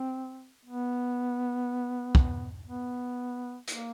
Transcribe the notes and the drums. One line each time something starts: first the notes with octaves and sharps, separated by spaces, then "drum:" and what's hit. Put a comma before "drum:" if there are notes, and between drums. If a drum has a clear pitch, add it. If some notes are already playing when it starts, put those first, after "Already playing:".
Already playing: C4
B3
drum: kick
B3
A#3, drum: hi-hat